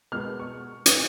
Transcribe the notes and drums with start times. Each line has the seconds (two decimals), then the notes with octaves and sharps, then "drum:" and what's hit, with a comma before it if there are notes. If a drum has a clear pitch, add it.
0.12 B2 G#3 B3 F6
0.39 C#6
0.86 drum: hi-hat